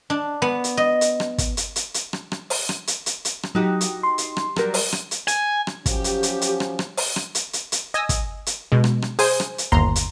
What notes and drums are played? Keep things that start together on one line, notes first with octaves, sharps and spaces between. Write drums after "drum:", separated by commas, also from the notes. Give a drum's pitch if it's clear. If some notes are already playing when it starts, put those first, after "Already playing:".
D4
B3
drum: hi-hat
D#5
drum: hi-hat
drum: rim click
drum: kick, hi-hat
drum: hi-hat
drum: hi-hat
drum: hi-hat
drum: rim click
drum: rim click
drum: open hi-hat
drum: rim click
drum: hi-hat
drum: hi-hat
drum: hi-hat
drum: rim click
F#3 D#4 F#4 G4
drum: hi-hat
C6
drum: hi-hat
drum: rim click
F#3 G3 A#4, drum: rim click
drum: open hi-hat
drum: rim click
drum: hi-hat
G#5, drum: hi-hat
drum: rim click
F3 F#3 C#4 G4, drum: kick, hi-hat
drum: hi-hat
drum: hi-hat
drum: hi-hat
drum: rim click
drum: rim click
drum: open hi-hat
drum: rim click
drum: hi-hat
drum: hi-hat
drum: hi-hat
D#5 G#5 D#6 E6
drum: kick, hi-hat
drum: hi-hat
B2 G#3
drum: rim click
drum: rim click
G#4 C5 G#5, drum: open hi-hat
drum: rim click
drum: hi-hat
G1 D#2 A#5 C6
drum: hi-hat